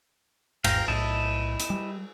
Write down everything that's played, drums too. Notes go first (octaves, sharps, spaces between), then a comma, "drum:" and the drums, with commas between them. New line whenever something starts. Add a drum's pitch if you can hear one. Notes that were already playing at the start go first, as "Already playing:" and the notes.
G#1 E2 G#2 F5 G5 A#5, drum: cymbal
B1 A2 E4 D#5 A5
drum: hi-hat
G3